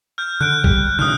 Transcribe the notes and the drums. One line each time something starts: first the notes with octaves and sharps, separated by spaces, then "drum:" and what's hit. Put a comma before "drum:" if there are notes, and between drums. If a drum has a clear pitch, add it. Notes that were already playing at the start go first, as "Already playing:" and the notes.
F6 G6
D3 F#6 D7
G3, drum: kick
G2 A#2 D3 D#6 F6 F#6